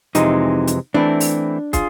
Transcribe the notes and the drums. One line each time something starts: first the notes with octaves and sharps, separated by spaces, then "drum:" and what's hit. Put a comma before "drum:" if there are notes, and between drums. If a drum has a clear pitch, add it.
F2 C3 E3 G#3 D#4, drum: hi-hat
drum: hi-hat
E3 A3 C4 D4 E4
drum: open hi-hat
F4 G#4, drum: kick, hi-hat